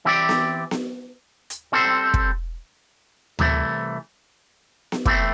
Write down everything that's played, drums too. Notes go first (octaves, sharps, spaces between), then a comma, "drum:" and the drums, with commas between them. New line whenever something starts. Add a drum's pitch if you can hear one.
E3 C4 G4 D5
drum: snare B3
drum: snare B3
drum: hi-hat
G3 C4 A4 C5
drum: kick
C2 C3 E3 A3, drum: tom D2
drum: snare B3
E3 A3 C4, drum: kick